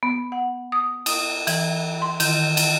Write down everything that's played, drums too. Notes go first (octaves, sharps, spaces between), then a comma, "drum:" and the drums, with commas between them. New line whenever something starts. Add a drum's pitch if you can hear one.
B3
F#5
D#6
D#6, drum: cymbal
E3, drum: cymbal
C6
D#3, drum: cymbal
drum: cymbal